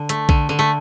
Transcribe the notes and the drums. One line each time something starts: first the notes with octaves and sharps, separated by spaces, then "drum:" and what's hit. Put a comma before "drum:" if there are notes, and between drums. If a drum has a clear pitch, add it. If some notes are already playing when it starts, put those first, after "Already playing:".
Already playing: D3
A3, drum: hi-hat
D3, drum: kick A#1
D3
A3